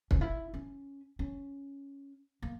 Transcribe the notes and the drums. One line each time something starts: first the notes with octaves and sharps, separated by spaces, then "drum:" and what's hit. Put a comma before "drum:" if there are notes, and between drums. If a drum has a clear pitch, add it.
C#4, drum: kick
E4
C#4
C#4
A#3